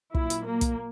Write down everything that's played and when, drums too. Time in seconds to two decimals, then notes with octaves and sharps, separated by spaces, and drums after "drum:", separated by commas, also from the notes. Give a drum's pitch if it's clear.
0.14 A#2 F#3 E4, drum: kick
0.30 drum: hi-hat
0.46 A#3
0.61 drum: kick, hi-hat